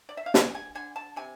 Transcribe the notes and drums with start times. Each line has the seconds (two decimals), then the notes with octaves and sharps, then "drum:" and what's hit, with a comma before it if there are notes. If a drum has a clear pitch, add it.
0.09 D5
0.17 E5
0.26 F5
0.34 D3 G#5, drum: snare
0.55 G#5
0.75 D3 G#5
0.96 A5
1.16 C3 G#5